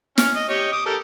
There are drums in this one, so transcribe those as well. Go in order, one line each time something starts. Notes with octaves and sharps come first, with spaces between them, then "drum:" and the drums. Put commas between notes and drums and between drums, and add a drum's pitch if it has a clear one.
C#4 F6, drum: snare
D#5
G4 C#5 D#5
D6 D#6
G4 A4 A#4